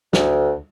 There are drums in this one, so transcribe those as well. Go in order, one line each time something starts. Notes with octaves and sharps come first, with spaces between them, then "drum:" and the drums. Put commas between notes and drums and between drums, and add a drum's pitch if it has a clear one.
D2, drum: snare